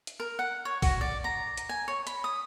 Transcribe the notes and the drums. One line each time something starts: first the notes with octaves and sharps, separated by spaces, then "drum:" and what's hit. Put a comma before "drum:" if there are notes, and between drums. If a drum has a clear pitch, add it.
drum: hi-hat
A#4
F#5
C#5
F#4, drum: kick A#1, open hi-hat
D5
A#5
drum: hi-hat
G#5
C#5
B5, drum: hi-hat
D#6